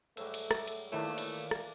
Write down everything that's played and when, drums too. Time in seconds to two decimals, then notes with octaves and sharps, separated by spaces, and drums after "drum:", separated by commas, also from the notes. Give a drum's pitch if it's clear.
0.17 G#2 F#3 G3 A3 E6, drum: cymbal
0.34 drum: cymbal
0.51 drum: rim click
0.67 drum: cymbal
0.92 A#2 D#3 E3 A3 A#3 D4 E4 C#5
1.18 drum: cymbal
1.51 drum: rim click